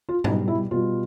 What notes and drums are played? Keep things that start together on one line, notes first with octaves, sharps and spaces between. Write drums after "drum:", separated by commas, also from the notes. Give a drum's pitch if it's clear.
F4
B2 G3 D#4, drum: tom G#2
E4
B2 G3 F4